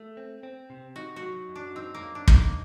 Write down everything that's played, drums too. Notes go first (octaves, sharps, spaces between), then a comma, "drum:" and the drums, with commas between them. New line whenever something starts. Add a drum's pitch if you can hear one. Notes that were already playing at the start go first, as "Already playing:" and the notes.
Already playing: A3
C4
C4
C3
D#4 F#4
F#4
F#3
F#2
D4
C4 D#4
A#3
F#2
D4
D#4, drum: kick
A#3